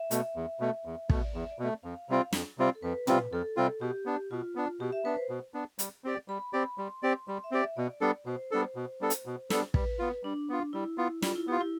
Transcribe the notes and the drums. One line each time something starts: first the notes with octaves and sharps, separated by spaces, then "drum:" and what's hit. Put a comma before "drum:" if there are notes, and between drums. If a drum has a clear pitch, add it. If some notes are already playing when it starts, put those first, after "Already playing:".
Already playing: E5
B2 A3, drum: hi-hat
E2
B2 A3
E2
B2 A3, drum: kick
D5
E2 E5
D5
B2 A3
F2 F5
C3 G3 C4 F4 F5
F2, drum: snare
C3 G3 C4 F4
A4
F2 B4
C3 G3 C4 F4, drum: tom
F2 A4
C3 G3 C4 F4
B2 G4
B3 D4
B2 F4
B3 D4
B2 G4
E5
B3 D4 B4
C5
B2
B3 D4
G3, drum: hi-hat
C4 G4 D5
G3 B5
C4 G4 D5 B5
G3 C6
C4 G4 D5
G3 C6
E5
C4 G4 D5
E5
B2 D5
G3 B3 D4 A4
B2 C5
G3 B3 D4 A4
B2
G3 B3 D4 A4
drum: hi-hat
B2
G3 B3 D4 A4, drum: snare
G3 B4, drum: kick
B3 F4
G3 D4
B3 F4
G3 E4
B3 F4
G3 F4, drum: snare
E4
B3 F4 G4
E4